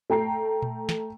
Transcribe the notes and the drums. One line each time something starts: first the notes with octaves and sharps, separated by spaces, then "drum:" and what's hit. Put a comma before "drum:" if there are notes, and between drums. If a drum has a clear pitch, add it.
A3 G5 A#5 C7
drum: tom A#2
drum: snare